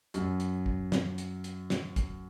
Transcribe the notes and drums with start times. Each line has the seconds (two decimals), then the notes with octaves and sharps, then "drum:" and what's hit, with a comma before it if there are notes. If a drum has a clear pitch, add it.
0.14 F#2, drum: hi-hat
0.40 drum: hi-hat
0.66 drum: kick
0.92 drum: snare
1.18 drum: hi-hat
1.44 drum: hi-hat
1.70 drum: snare
1.96 drum: kick, hi-hat